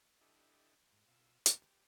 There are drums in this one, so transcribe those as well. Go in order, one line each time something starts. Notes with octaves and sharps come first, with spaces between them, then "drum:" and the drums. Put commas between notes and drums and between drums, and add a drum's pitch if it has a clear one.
D4 E4 G4 A4 D#5
G#2
B2 F4 E6
G4, drum: hi-hat